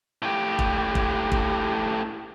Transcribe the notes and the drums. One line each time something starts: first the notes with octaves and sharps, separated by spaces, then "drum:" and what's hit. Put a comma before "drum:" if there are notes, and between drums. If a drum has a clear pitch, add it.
A2 G4
drum: kick
drum: kick
drum: kick